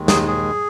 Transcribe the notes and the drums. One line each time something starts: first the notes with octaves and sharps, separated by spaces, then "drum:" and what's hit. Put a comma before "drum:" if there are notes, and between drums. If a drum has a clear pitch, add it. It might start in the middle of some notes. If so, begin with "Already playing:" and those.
Already playing: D#2 D#3 G#3
G#4, drum: snare
G#4